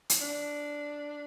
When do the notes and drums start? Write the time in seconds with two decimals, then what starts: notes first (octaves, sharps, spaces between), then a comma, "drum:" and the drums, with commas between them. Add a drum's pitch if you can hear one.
0.10 drum: hi-hat
0.21 D4